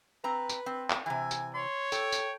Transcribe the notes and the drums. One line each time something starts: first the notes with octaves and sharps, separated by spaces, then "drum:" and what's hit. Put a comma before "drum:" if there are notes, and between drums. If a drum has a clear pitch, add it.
C4 B4 A#5
drum: tambourine
C4
drum: clap
C3 E3 G#5
drum: tambourine
C#5 C6
A4 G5, drum: tambourine
drum: tambourine